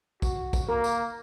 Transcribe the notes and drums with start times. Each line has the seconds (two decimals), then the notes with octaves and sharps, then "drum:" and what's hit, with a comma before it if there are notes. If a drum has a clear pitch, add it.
0.22 F#4, drum: kick, tambourine
0.53 drum: kick, tambourine
0.69 A#3 A#4
0.84 drum: tambourine